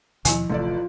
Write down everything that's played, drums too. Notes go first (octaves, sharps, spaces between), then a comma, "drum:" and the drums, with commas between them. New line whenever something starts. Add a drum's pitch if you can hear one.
D#2 B2 D#3 F3 E4 G#5, drum: hi-hat
D#1 A1 C3 A3 F4 A4 D5